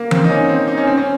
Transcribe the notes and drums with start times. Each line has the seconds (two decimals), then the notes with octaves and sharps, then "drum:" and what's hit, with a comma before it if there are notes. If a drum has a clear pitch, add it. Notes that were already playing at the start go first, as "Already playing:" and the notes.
Already playing: A#3
0.11 C4, drum: tom E3
0.24 D#4
0.30 C#4
0.49 C4
0.68 D#4
0.78 C#4
0.87 C4
0.97 C#4